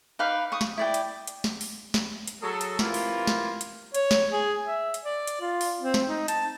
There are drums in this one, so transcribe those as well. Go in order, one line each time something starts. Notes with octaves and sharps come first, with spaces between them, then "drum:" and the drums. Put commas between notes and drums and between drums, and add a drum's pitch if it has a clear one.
D#4 B4 F5 D6
C#6 D#6
drum: snare
E4 D5 G5
drum: hi-hat
drum: hi-hat
drum: snare
drum: open hi-hat
drum: snare
drum: hi-hat
F#3 G#4 A4
drum: hi-hat
C3 E3 A#3 F4, drum: snare
drum: open hi-hat
drum: snare
drum: hi-hat
C#5, drum: hi-hat
drum: snare
G#4
E5
drum: hi-hat
D5
drum: hi-hat
F4
drum: open hi-hat
C4
drum: snare
D#4
A5, drum: hi-hat